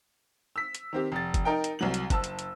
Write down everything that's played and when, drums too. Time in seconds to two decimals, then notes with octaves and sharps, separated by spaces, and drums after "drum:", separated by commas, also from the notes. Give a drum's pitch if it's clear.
0.56 E6 B6
0.75 drum: hi-hat
0.93 D#3 C4 G4
1.12 F1 A6
1.34 drum: kick G1, hi-hat
1.45 D#4 A#4 G5
1.64 drum: hi-hat
1.79 C2 F#3 F#7
1.94 drum: hi-hat
2.10 F#1 A5 E6, drum: kick G1, hi-hat
2.24 drum: hi-hat
2.39 drum: hi-hat